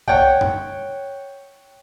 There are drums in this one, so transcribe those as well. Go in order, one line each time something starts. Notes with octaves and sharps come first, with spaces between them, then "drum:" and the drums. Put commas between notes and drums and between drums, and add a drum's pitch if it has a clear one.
C#5 F#5 G5, drum: kick C2
drum: tom F#2